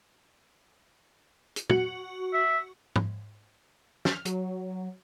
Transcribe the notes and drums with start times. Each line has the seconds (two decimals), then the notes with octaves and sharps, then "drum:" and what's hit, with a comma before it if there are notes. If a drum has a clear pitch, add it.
1.56 drum: hi-hat
1.70 F#4, drum: tom
2.33 E5
2.96 drum: tom G#2
4.05 F6, drum: snare
4.25 F#3, drum: hi-hat